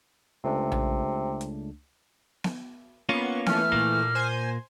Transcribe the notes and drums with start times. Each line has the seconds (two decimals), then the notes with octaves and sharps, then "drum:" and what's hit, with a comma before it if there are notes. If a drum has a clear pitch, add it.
0.44 C#2 C3 A3 D4
0.72 drum: tom A#1
1.41 drum: hi-hat
2.44 drum: snare B3
3.09 A#3 B3 C#4 F4 C#6
3.46 E3 A3 F6, drum: snare B3
3.72 A#2 A#3, drum: kick
4.15 C5 G#5 C6